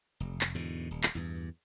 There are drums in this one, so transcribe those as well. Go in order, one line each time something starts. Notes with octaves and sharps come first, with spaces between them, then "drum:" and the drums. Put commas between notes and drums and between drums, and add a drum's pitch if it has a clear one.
F1
drum: clap
E2 G#2 B2 D3
D#1
drum: clap
E2 G2